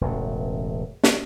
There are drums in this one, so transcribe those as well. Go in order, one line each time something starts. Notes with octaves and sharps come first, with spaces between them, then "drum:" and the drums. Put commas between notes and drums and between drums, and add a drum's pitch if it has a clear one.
E1 A1 C#3
drum: snare